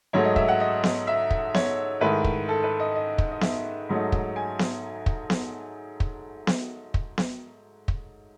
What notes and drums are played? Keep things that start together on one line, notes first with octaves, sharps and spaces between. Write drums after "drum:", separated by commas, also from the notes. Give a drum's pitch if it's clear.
G#2 F#3 A3 C#5
D#5
E5, drum: kick
F#5
D#5
drum: snare B3
E5
drum: kick
C#5, drum: snare B3
G#2 D#3 A3 E4 B4
drum: kick
A4
B4
D#5
D#5
drum: kick
D#5
E5, drum: snare B3
G#2 F#3 A3 D#4
drum: kick
G#5
drum: snare B3
drum: kick
drum: snare B3
drum: kick
drum: snare B3
drum: kick
drum: snare B3
drum: kick